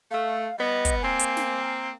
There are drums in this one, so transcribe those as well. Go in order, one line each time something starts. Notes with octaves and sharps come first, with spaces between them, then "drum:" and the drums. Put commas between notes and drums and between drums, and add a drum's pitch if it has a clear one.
A3 F5
G3 B3 D#5
drum: kick, hi-hat
A#3 C4 G#5
drum: hi-hat
drum: snare